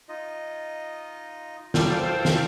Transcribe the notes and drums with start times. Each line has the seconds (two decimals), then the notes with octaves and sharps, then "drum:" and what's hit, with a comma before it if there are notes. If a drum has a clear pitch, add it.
0.09 D#4 F4 D#5
1.74 B2 D3 F#3 G3 A4 F5 G5, drum: snare
1.99 B3 C5
2.25 drum: snare